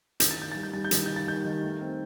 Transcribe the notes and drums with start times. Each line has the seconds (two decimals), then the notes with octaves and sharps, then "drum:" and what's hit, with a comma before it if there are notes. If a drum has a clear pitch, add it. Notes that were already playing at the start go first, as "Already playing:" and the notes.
0.20 D#3 G6, drum: hi-hat
0.31 A6
0.37 D#3 G6
0.52 G3 A6
0.63 G6
0.73 G3 A6
0.85 G6
0.91 D#3 A6, drum: hi-hat
1.06 D#3 G6
1.16 A6
1.27 D#3 G6
1.45 D#3
1.62 A3
1.81 C4